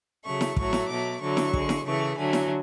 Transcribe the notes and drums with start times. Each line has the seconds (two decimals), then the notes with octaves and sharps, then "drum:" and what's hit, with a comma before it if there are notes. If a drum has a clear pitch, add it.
0.24 C#3 F#3 A3 C#6
0.41 drum: snare E4
0.56 A2 F#3 A3 C#6, drum: kick
0.73 drum: snare E4
0.88 B2 F#3 A3 D6
1.21 D3 F#3 A3 C#6
1.37 drum: snare E4
1.53 D3 G#3, drum: kick
1.69 drum: snare E4
1.85 C#3 E3 A3 C#6
2.17 D3 F#3 A3 G#5
2.33 drum: snare E4